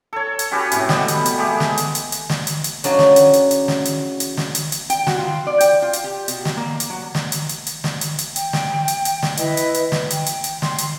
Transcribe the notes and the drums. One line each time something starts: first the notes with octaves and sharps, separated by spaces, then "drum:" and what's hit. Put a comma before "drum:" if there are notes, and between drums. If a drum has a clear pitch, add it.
A4 C#5
drum: hi-hat
C#4 F#4 G4 B4
A2 C3, drum: hi-hat
B2 G3 B3, drum: snare
drum: hi-hat
drum: hi-hat
G#3 A3 G4
drum: snare
drum: hi-hat
drum: hi-hat
drum: hi-hat
drum: snare
drum: hi-hat
drum: hi-hat
C#3 F#3 D4 E4 D5 D#5, drum: hi-hat
drum: snare
drum: hi-hat
drum: hi-hat
drum: hi-hat
drum: snare
drum: hi-hat
drum: hi-hat
drum: snare
drum: hi-hat
drum: hi-hat
G5, drum: hi-hat
F#4, drum: snare
F4
D5
G5, drum: hi-hat
F4
drum: hi-hat
G4
B2, drum: hi-hat
drum: snare
A#3
drum: hi-hat
F#3
drum: snare
drum: hi-hat
drum: hi-hat
drum: hi-hat
drum: snare
drum: hi-hat
drum: hi-hat
G5, drum: hi-hat
drum: snare
drum: hi-hat
drum: hi-hat
drum: snare
E4 B4 D#5, drum: hi-hat
drum: hi-hat
drum: hi-hat
drum: snare
G5, drum: hi-hat
drum: hi-hat
drum: hi-hat
C6, drum: snare
drum: hi-hat